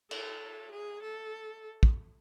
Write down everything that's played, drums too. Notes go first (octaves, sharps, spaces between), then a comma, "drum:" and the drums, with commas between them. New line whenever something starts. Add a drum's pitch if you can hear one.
A4, drum: cymbal
G#4
A4
drum: kick